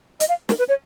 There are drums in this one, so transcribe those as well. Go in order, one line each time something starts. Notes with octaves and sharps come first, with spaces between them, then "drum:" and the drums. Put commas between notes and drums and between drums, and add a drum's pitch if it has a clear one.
D#5, drum: hi-hat
F5
A#4, drum: snare
B4
C#5